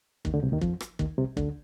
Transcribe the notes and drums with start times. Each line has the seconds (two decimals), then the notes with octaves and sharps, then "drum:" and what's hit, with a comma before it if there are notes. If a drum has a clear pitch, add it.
0.25 D#2 D#3, drum: kick
0.34 D2 D3
0.43 C2 C3
0.52 D#2 D#3
0.61 F2 F3, drum: kick
0.80 drum: rim click
0.99 D#2 D#3, drum: kick
1.18 C2 C3
1.37 D2 D3, drum: kick